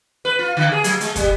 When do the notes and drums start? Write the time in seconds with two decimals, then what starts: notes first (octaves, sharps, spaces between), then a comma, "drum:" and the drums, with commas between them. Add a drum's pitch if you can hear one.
0.25 B4
0.39 F4
0.57 D3
0.72 G#4
0.84 F#3, drum: hi-hat
1.01 G#3, drum: hi-hat
1.16 G3, drum: kick, hi-hat